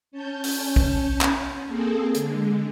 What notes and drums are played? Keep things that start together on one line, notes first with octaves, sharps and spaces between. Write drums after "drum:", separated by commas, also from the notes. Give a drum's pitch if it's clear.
C#4 A5 G6
drum: open hi-hat
drum: kick B1
drum: clap
A#3 C4 G#4 A4
D3 G#3, drum: hi-hat